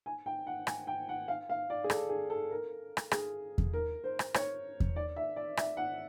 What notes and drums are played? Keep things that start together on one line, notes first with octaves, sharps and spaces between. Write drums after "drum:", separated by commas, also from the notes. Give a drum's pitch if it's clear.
G#5
G5
F#5
G#5, drum: rim click
G5
F#5
F5
F5
D5
G#4
A4, drum: rim click
G#4
A4
A#4
drum: rim click
G#4, drum: rim click
drum: kick E2
A#4
C5
drum: rim click
C#5, drum: rim click
drum: kick E2
D5
E5
D5
E5, drum: rim click
F#5